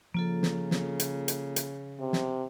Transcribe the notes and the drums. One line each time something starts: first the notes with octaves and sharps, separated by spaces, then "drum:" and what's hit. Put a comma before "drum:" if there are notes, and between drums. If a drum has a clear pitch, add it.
C#3 F3 A#3 F4 A4
drum: snare
drum: snare
drum: hi-hat
drum: hi-hat
drum: hi-hat
C3
drum: snare